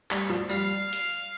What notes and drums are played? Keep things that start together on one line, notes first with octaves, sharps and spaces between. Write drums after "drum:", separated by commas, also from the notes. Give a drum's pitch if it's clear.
G3, drum: clap
F3
G3 F5, drum: tambourine
drum: hi-hat